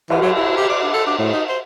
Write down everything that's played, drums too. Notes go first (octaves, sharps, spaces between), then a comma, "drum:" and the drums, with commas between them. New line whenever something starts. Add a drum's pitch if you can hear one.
E3, drum: cymbal
F#3
E4
G4
D5
D4
A4
D4
A2
D#4
C5